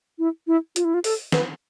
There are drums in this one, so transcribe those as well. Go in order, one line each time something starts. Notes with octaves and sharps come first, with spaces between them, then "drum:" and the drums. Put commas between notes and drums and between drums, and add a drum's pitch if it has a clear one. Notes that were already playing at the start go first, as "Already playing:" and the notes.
E4
E4
F4, drum: hi-hat
E4
F4
A4, drum: open hi-hat
B4, drum: snare